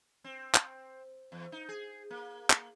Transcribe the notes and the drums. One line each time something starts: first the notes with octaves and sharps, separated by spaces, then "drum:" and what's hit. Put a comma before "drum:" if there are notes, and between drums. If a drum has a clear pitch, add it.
C4
drum: clap
E2
D#4
G#4
A#3
drum: clap